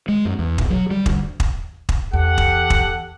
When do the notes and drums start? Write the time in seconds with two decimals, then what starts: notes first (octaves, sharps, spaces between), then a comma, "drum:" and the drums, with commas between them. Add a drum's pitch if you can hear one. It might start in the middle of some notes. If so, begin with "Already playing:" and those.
0.08 G#3
0.25 F#2
0.39 E2
0.58 B1, drum: kick
0.70 F#3
0.91 G3
1.06 D2, drum: kick
1.40 drum: kick
1.89 drum: kick
2.13 E2 G4 A4 F#5
2.38 drum: kick
2.70 drum: kick